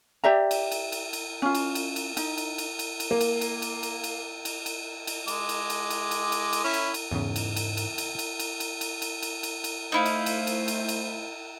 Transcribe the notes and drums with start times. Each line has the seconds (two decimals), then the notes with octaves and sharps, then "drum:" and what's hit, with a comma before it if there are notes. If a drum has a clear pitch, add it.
0.24 G4 D5 E5 A#5
0.51 drum: cymbal
0.72 drum: cymbal
0.92 drum: cymbal
1.13 drum: cymbal
1.42 C#4 F4
1.55 drum: cymbal
1.75 drum: cymbal
1.96 drum: cymbal
2.17 D#4, drum: cymbal
2.38 drum: cymbal
2.58 drum: cymbal
2.79 drum: cymbal
3.00 drum: cymbal
3.11 A#3
3.21 drum: cymbal
3.41 drum: cymbal
3.62 drum: cymbal
3.83 drum: cymbal
4.04 drum: cymbal
4.45 drum: cymbal
4.66 drum: cymbal
5.07 drum: cymbal
5.28 G#3 D6, drum: cymbal
5.49 drum: cymbal
5.70 drum: cymbal
5.90 drum: cymbal
6.11 drum: cymbal
6.32 drum: cymbal
6.53 drum: cymbal
6.64 C#4 E4
6.73 drum: cymbal
6.94 drum: cymbal
7.11 E2 G#2 C#3
7.36 drum: cymbal
7.56 drum: cymbal
7.77 drum: cymbal
7.98 drum: cymbal
8.19 drum: cymbal
8.39 drum: cymbal
8.60 drum: cymbal
8.81 drum: cymbal
9.02 drum: cymbal
9.22 drum: cymbal
9.43 drum: cymbal
9.64 drum: cymbal
9.92 A3 D#4 E4 C5 F5
10.05 drum: cymbal
10.26 drum: cymbal
10.47 drum: cymbal
10.68 drum: cymbal
10.89 drum: cymbal